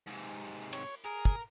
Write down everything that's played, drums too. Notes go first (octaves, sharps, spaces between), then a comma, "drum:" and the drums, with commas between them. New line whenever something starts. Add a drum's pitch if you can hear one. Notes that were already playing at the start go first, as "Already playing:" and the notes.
G#2 C3
C#5, drum: cymbal
G#4 A#4
drum: kick